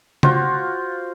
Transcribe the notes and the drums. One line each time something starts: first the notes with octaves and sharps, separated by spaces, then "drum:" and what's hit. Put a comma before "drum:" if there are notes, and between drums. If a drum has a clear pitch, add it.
F4 F#4 C5, drum: tom C#3